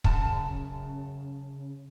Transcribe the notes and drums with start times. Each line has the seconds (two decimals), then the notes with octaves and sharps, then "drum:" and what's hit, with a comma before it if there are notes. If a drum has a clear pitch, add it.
0.04 F#2 C#3 A5, drum: kick